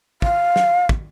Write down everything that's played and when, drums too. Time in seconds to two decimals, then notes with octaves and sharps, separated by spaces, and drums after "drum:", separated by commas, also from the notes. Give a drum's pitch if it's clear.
0.22 F5, drum: kick
0.56 drum: snare
0.89 drum: kick